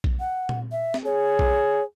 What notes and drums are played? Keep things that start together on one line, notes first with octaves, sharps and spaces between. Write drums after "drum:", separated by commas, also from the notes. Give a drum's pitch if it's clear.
drum: kick A#1
F#5
drum: tom A#2
E5
drum: snare
G#4 C#5
drum: kick A#1